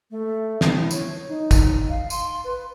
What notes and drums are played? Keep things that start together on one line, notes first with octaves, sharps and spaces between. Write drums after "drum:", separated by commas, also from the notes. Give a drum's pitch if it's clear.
A3
E4, drum: snare
C#5, drum: tambourine
D#4
drum: kick, tambourine
F5
C6, drum: tambourine
B4